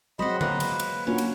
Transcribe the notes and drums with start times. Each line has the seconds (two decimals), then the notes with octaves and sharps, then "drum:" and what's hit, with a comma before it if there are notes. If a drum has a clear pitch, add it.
0.19 F#3 G#3 C4 C5 D#5 F#5 B5
0.41 A#3 B4 D#5, drum: tom D3
0.60 drum: cymbal
0.80 drum: cymbal
1.07 A#2 C#4 D4 F#4
1.18 drum: cymbal